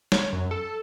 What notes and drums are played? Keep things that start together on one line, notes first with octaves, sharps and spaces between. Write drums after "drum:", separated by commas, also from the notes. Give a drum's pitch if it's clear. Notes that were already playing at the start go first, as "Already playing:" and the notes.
C#5, drum: snare
F#2
A4